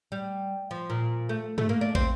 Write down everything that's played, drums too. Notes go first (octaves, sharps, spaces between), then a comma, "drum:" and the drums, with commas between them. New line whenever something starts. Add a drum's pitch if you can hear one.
G3
F3
A#2
A3
A3, drum: tom G2
A#3
D4
C4, drum: kick